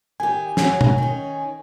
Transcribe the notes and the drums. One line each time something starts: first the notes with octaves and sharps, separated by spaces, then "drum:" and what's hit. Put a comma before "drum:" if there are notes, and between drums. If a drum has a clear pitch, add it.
D#3 G4 G#5
F#3 G#4, drum: snare
drum: tom
D#3 C#4